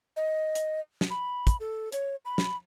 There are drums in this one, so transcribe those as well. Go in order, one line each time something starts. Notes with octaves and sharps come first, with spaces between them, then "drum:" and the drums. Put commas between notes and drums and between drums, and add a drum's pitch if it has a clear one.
D#5
drum: hi-hat
drum: snare
B5
drum: kick, hi-hat
A4
C#5, drum: hi-hat
B5
drum: snare